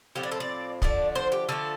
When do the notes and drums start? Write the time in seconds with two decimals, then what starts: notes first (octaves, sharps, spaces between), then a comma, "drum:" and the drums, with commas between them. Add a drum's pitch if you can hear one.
0.15 A2 F3 C4 G4
0.23 D4
0.31 A4
0.40 D5
0.82 D3 F3 A3 D5, drum: kick
1.15 C5
1.32 G4
1.49 D3 F3 A3 A4